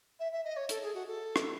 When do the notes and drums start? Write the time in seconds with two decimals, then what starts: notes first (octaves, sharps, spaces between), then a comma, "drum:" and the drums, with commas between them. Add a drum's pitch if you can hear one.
0.19 E5
0.32 E5
0.44 D#5
0.56 C#5
0.69 A4, drum: hi-hat
0.82 G#4
0.94 F#4
1.07 A4
1.36 drum: rim click